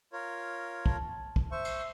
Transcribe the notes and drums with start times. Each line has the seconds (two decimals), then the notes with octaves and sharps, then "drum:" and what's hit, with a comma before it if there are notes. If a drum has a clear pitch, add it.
0.13 F4 A#4 C#5
0.86 A5, drum: kick
1.36 drum: kick
1.52 C5 E5 C#6
1.65 drum: cymbal